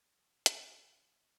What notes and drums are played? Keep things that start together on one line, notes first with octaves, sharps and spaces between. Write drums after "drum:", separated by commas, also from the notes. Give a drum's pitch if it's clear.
F#4 G#4 A4 B4
A#2 E4 C6, drum: hi-hat
C3 D#3 A#4
A#3
D#3 D#4